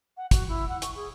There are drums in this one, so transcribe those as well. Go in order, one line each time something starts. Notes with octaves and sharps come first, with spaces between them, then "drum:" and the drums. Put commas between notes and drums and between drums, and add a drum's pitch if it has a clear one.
F#5
F#4, drum: kick, hi-hat
E4
F#5
C#6, drum: hi-hat
G#4